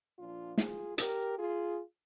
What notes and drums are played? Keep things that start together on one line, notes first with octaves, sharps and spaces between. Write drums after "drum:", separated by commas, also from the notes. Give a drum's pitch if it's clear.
A#2 F3 D4 F4
F4 G#4, drum: snare
G4 A#4, drum: hi-hat
F4 G#4